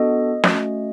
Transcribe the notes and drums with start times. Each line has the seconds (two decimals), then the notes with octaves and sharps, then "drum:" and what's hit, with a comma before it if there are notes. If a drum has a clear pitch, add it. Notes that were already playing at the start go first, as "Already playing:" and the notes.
Already playing: B3 D4 F#4 A4 D#5
0.44 A3 C#4 F#4, drum: snare